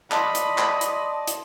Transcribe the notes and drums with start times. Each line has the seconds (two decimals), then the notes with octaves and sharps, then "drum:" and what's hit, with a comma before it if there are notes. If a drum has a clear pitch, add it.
0.12 D5 D#5 A5 B5 C6, drum: clap
0.35 drum: hi-hat
0.58 drum: clap
0.81 drum: hi-hat
1.27 drum: hi-hat